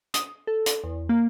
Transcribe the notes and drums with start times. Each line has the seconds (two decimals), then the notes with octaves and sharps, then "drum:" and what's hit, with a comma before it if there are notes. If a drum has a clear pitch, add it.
0.14 D#6, drum: hi-hat
0.47 A4
0.66 drum: hi-hat
0.84 E2
1.09 A#3